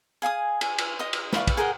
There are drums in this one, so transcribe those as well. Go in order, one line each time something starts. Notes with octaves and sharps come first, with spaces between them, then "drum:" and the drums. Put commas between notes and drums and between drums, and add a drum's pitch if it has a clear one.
G#4 F5 G#5 D#6
G#5, drum: cymbal
drum: cymbal
D#5 D#6
drum: cymbal
B4 D5 F5 C#6, drum: snare
drum: kick, cymbal
G#4 A#4 F#5 G5